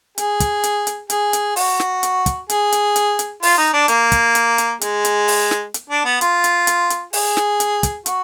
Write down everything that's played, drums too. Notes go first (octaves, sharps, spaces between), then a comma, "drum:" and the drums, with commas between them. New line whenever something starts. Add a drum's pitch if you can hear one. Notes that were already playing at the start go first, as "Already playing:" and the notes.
G#4, drum: hi-hat
drum: kick, hi-hat
drum: hi-hat
drum: hi-hat
G#4, drum: hi-hat
drum: hi-hat
F#4, drum: open hi-hat
drum: snare
drum: hi-hat
drum: kick, hi-hat
G#4, drum: hi-hat
drum: hi-hat
drum: hi-hat
drum: hi-hat
F4, drum: open hi-hat
D#4
D4
A#3, drum: hi-hat
drum: kick, hi-hat
drum: hi-hat
drum: hi-hat
G#3, drum: hi-hat
drum: hi-hat
drum: open hi-hat
drum: snare
drum: hi-hat
D4
B3
F4, drum: hi-hat
drum: hi-hat
drum: hi-hat
drum: hi-hat
G#4, drum: open hi-hat
drum: snare
drum: hi-hat
drum: kick, hi-hat
F#4, drum: hi-hat